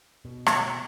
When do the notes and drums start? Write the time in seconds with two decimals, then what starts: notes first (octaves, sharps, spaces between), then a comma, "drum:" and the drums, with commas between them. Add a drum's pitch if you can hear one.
0.25 B2
0.46 drum: rim click